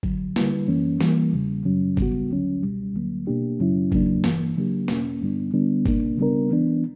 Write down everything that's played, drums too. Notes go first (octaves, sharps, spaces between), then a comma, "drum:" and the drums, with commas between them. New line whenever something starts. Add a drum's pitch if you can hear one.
D2 D3 F#3, drum: kick G1
D3 G3 A#3 E4 B4, drum: snare
F#2 E3 A#3 C#4
E3 G3 A#3, drum: snare
E2 C#3 G3
F#2 C#3 F#3 C#4
D2 C#3 G3 B3 F#4, drum: kick G1
D2 D3 F#3 C#4
C#2 B2 G3
D2 D3 F#3 A#3
B2 A#3 D4 G4
F#2 C#3 F#3 C#4 E4
E2 C#3 F#3 A#3 D4, drum: kick G1
G2 E3 A#3, drum: snare
C#3 F#3 A#3 D4 G4
E2 B2 A#3 C#4, drum: snare
G2 D3 G3 B3 D4
D3 G3 B3 D4
B2 A#3 D4, drum: kick G1
C#3 G3 B3 D4 A#4
E3 B3 D4